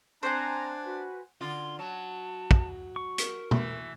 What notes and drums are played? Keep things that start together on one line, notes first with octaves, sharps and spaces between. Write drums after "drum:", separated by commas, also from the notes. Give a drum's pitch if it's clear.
C4 D4 C5 F#5 G#5 A#5
F#4 B4
D3 F4 C6
F#3 A5
drum: kick
C#6
A#4, drum: hi-hat
E3 A3, drum: tom B2